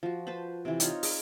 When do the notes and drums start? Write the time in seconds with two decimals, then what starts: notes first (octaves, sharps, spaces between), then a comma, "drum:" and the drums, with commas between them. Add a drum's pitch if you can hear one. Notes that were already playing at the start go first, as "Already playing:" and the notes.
0.03 F3 F#4
0.27 B4 C5 A5 B5
0.65 C3 E3
0.80 C4 D#4 F4 C#5, drum: hi-hat
1.03 G#4 A#4, drum: open hi-hat